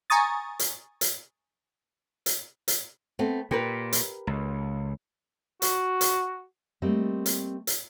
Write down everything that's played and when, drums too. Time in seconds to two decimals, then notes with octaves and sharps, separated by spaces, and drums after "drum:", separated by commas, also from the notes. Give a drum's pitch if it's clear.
0.10 G#5 A#5 C#6 D#6 A6
0.59 drum: hi-hat
1.01 drum: hi-hat
2.26 drum: hi-hat
2.68 drum: hi-hat
3.19 A3 B3 C4
3.51 A#2 G4 A#4 B4
3.93 drum: hi-hat
4.27 C#2
5.62 F#4, drum: hi-hat
6.01 drum: hi-hat
6.82 G3 A3 A#3 C4 D#5
7.26 drum: hi-hat
7.67 drum: hi-hat